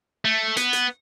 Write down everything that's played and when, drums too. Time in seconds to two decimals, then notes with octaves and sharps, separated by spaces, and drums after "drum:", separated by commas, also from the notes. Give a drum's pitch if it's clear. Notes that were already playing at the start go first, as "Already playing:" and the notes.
0.25 A3
0.57 B3, drum: hi-hat
0.73 drum: hi-hat